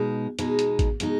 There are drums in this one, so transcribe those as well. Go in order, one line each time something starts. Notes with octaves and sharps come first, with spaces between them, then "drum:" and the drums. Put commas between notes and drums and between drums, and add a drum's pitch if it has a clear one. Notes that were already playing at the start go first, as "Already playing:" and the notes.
Already playing: B2 G#3 D#4
B2 G#3 D#4, drum: hi-hat
drum: hi-hat
drum: kick A1, hi-hat
B2 G#3 D#4, drum: hi-hat